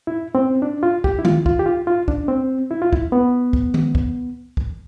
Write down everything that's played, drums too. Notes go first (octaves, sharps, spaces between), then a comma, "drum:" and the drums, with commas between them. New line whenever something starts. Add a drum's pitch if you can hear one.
E4
C4
D4
F4
G4, drum: kick
E4
F4, drum: tom D#3
F4, drum: kick
G4
F4
F4
D4, drum: kick
C4
E4
F4
E4, drum: kick
B3
drum: kick
drum: tom D#3
drum: kick
drum: kick